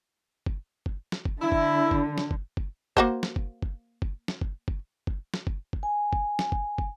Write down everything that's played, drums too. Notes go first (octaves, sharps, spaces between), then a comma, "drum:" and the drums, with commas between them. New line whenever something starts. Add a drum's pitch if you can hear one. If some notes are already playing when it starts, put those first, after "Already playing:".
drum: kick
drum: kick
drum: snare
drum: kick
D3 E4
drum: kick
drum: kick
drum: snare
drum: kick
drum: kick
A#3 F#4 C5, drum: kick
drum: snare
drum: kick
drum: kick
drum: kick
drum: snare
drum: kick
drum: kick
drum: kick
drum: snare
drum: kick
drum: kick
G#5
drum: kick
drum: snare
drum: kick
drum: kick